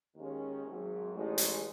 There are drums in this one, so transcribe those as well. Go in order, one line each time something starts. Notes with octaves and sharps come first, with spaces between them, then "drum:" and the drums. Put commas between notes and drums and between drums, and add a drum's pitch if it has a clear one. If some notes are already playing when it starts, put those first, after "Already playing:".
D#2 D#3 G#3 C#4
G#1 G#2 F#3
A1 A2 G#3 D#4
drum: hi-hat